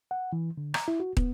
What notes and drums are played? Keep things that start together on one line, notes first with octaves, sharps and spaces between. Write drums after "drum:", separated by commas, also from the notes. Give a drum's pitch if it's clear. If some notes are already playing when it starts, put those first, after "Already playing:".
F#5
E3
D3
A#5, drum: rim click
E4
F#4
B3, drum: kick